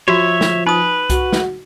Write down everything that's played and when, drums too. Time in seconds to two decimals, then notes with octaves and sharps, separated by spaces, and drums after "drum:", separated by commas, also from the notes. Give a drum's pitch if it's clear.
0.08 F3 F4 F#4 C#5 E5
0.41 drum: snare
0.67 D#4 B4 D#6
1.10 F#4, drum: kick C2, hi-hat
1.33 drum: snare